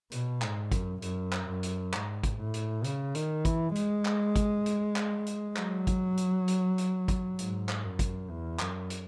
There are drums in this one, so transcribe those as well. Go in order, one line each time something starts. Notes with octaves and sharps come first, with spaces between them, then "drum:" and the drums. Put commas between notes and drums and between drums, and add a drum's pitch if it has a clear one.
B2, drum: hi-hat
G#2, drum: clap
F#2, drum: kick, hi-hat
F#2, drum: hi-hat
drum: clap
F#2
drum: hi-hat
G#2, drum: clap
drum: kick, hi-hat
A2
drum: hi-hat
C#3, drum: hi-hat
D#3, drum: hi-hat
E3, drum: kick, hi-hat
G#3, drum: hi-hat
drum: clap
drum: kick, hi-hat
drum: hi-hat
drum: clap
drum: hi-hat
F#3, drum: clap
drum: kick, hi-hat
drum: hi-hat
drum: hi-hat
drum: hi-hat
drum: kick, hi-hat
G#2, drum: hi-hat
drum: clap
F#2
drum: kick, hi-hat
E2
F#2, drum: clap
drum: hi-hat